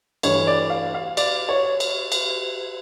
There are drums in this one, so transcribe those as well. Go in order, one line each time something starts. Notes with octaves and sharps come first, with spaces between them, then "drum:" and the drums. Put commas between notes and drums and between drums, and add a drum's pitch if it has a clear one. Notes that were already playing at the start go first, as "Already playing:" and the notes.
G2 E3 A3 C#5, drum: cymbal
D5
F5
F5
D5, drum: cymbal
C#5
drum: cymbal
drum: cymbal